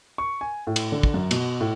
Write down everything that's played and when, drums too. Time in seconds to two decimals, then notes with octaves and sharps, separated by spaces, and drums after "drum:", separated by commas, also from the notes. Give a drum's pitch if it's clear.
0.18 C#6
0.41 G#5
0.67 A2
0.76 drum: cymbal
0.92 D3
1.03 drum: kick
1.14 F#2
1.31 B2, drum: cymbal
1.60 A2